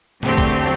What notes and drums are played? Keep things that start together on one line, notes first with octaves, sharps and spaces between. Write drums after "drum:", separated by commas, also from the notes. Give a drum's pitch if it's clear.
E2 D3 F#3 A3 C4 G4, drum: tom A2
drum: kick, hi-hat